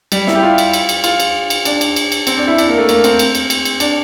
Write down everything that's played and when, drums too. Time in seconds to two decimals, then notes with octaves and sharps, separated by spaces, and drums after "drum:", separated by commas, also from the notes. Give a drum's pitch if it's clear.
0.12 G3, drum: cymbal
0.27 E4, drum: snare
0.35 G4
0.43 F4
0.58 drum: cymbal
0.73 drum: cymbal
0.89 drum: cymbal
1.04 F4, drum: cymbal
1.20 drum: cymbal
1.50 drum: cymbal
1.65 D4, drum: cymbal
1.81 drum: cymbal
1.96 drum: cymbal
2.12 drum: cymbal
2.27 C4, drum: cymbal
2.37 D4
2.47 E4
2.58 D4, drum: cymbal
2.68 A#3
2.78 A3
2.89 A#3, drum: cymbal
3.04 C4, drum: cymbal
3.19 drum: cymbal
3.35 drum: cymbal
3.50 drum: cymbal
3.65 drum: cymbal
3.80 D4, drum: cymbal